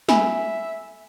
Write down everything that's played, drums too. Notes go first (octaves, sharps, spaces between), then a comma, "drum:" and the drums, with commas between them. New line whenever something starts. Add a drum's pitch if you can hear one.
A4 E5 G#5 B5, drum: snare